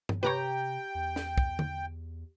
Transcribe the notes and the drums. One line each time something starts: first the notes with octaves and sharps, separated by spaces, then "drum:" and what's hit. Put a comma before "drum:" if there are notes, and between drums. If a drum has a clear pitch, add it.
drum: tom G2
C3 G4 B4 C#5 G5 A#5
E2
drum: snare
drum: kick
drum: tom D3